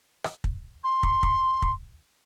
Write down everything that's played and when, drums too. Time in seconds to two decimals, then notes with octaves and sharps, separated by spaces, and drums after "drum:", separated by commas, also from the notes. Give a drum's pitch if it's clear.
0.24 drum: rim click
0.44 drum: kick
0.83 C6
1.03 drum: kick
1.23 drum: kick
1.62 drum: kick